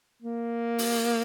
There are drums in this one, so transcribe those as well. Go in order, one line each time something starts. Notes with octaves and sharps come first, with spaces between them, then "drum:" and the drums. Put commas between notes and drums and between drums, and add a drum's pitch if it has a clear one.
A#3
drum: open hi-hat